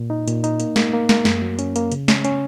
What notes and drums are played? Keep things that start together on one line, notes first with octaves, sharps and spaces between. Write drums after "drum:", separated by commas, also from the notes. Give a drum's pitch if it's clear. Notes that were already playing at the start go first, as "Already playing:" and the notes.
Already playing: A#2
D#4
A#2, drum: hi-hat
D#4, drum: hi-hat
A#3, drum: hi-hat
A#3, drum: snare
A#3
A#3, drum: snare
F#2, drum: snare
F#3
C#4, drum: hi-hat
A#3, drum: hi-hat
C#3, drum: hi-hat
C#4, drum: snare
C#4, drum: hi-hat